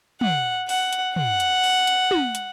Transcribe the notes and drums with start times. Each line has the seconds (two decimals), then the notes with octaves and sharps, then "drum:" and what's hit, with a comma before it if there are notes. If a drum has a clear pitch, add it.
0.21 F#5, drum: tom
0.69 F#5, drum: open hi-hat
0.93 drum: hi-hat
1.16 F#5, drum: tom
1.40 drum: hi-hat
1.64 drum: open hi-hat
1.87 drum: hi-hat
2.11 drum: tom
2.35 drum: hi-hat